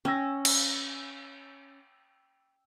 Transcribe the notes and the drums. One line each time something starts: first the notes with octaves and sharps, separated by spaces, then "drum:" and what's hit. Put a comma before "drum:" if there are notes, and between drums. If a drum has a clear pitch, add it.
C#4 G5 E6 A#6
drum: cymbal